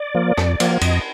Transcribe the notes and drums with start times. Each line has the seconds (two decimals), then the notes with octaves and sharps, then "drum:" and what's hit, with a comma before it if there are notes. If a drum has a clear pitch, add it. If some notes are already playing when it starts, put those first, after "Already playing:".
Already playing: D5
0.14 F3 A#3
0.37 F2, drum: rim click
0.60 F3 A#3, drum: cymbal
0.81 F2 D#5, drum: cymbal